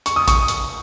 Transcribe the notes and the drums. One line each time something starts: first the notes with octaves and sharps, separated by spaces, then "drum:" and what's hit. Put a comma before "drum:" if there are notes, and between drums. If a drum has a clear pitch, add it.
C#6, drum: hi-hat
D#6
C#6, drum: kick A#1, hi-hat
drum: hi-hat